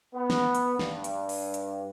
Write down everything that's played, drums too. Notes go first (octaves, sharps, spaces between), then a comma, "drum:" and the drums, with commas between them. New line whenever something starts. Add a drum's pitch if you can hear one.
B3
drum: snare
drum: hi-hat
G2, drum: snare
drum: hi-hat
drum: open hi-hat
drum: hi-hat